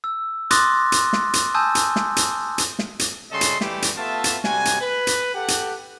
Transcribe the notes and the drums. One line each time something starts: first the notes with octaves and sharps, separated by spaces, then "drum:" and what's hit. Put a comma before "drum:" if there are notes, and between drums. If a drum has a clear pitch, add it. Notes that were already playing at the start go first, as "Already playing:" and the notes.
E6
C6 D6 D#6 F#6 A6 A#6, drum: hi-hat
drum: hi-hat
drum: snare
drum: hi-hat
G#5 A5 D#6 E6 G6
drum: hi-hat
drum: snare
drum: hi-hat
drum: hi-hat
drum: snare
drum: hi-hat
C#3 G3 A4 D#5 C6
drum: hi-hat
E3 G3 A3 E4 G4, drum: snare
drum: hi-hat
A3 B3 F4 E5 A5
drum: hi-hat
C3 G3 F#4 G#5, drum: snare
drum: hi-hat
B4
drum: hi-hat
G4 A4 F#5
drum: hi-hat